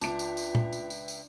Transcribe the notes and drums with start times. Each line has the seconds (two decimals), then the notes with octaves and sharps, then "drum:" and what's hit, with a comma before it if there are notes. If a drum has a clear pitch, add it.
0.01 C#2 D4 F4 B4 E5 G5 D7, drum: tambourine
0.19 drum: tambourine
0.37 drum: tambourine
0.55 drum: tom A#2
0.72 drum: tambourine
0.90 drum: tambourine
1.08 drum: tambourine